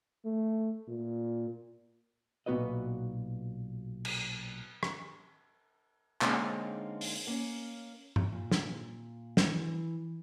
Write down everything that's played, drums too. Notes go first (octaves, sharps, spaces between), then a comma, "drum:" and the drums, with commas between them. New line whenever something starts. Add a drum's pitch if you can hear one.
A3
A#2
B1 A#2 B3 F#4 B4 D#5
drum: cymbal
drum: rim click
D3 G#3 A#3 C4 C#4 D#4, drum: clap
drum: open hi-hat
A#3 C#4
drum: tom G2
A#2
drum: snare
E3, drum: snare